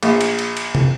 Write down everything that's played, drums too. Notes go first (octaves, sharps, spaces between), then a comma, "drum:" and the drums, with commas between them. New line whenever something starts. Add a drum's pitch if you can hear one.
A#1, drum: cymbal
drum: cymbal
drum: cymbal
drum: cymbal
drum: tom